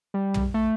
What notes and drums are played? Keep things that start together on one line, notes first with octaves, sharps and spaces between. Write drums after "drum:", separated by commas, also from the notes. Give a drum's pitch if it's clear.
G3
drum: tom
A3